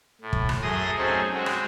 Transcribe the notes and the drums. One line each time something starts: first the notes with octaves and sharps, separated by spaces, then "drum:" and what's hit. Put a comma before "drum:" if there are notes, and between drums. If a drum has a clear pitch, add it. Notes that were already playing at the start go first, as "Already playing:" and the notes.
A2
drum: kick
drum: rim click
F#2 A3 G#4 C6 D#6 A#6
F#3 A3 C4 C#4 D#4 G#4
G#3 C4 F#4
drum: rim click